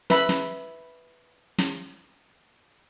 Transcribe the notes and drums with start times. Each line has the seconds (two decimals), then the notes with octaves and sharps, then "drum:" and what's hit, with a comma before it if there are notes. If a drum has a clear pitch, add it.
0.10 B4 E5 B5, drum: snare
0.29 drum: snare
1.58 drum: snare